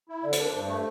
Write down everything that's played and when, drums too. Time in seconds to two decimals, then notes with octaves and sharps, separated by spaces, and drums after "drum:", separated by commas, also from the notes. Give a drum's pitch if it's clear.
0.09 E4
0.23 D3 D5
0.33 C5, drum: hi-hat
0.38 D4 A#4
0.49 G2 C5
0.68 A3